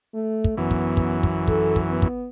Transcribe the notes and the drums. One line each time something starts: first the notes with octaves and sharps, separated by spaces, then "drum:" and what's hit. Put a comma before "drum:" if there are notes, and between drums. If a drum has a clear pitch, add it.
A3
drum: kick
F#2 E3 B3
drum: kick
drum: kick
drum: kick
A4, drum: kick
drum: kick
B3
drum: kick